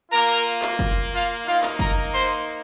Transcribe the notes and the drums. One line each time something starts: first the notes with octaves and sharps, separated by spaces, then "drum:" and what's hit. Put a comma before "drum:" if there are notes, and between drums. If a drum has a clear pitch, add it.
A#3 F4 A#4 A#5
drum: clap
drum: kick F#1
F4 F5
A#3 D#4 F4 F5
drum: clap
A#4 A#5, drum: kick F#1
C5 C6